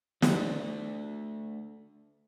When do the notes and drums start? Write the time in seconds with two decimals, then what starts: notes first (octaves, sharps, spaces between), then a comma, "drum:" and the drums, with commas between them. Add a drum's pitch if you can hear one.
0.22 A3 D4, drum: snare